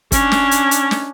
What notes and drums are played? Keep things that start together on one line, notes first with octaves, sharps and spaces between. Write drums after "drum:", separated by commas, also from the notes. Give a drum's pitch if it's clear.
C#4 D4, drum: kick, hi-hat
drum: snare
drum: hi-hat
drum: hi-hat
drum: snare